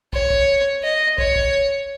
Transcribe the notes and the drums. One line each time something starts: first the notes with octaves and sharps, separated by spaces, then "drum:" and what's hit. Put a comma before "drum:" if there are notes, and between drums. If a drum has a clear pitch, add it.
C#5, drum: kick
drum: kick
D#5
C#5, drum: kick
drum: kick